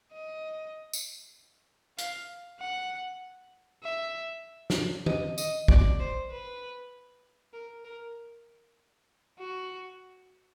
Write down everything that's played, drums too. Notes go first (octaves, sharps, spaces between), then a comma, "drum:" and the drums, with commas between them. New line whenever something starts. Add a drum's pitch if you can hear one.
D#5
drum: tambourine
F5, drum: hi-hat
F#5
E5
drum: snare
D#5, drum: tom
D#5, drum: tambourine
D5, drum: kick
C5
B4
A#4
A#4
F#4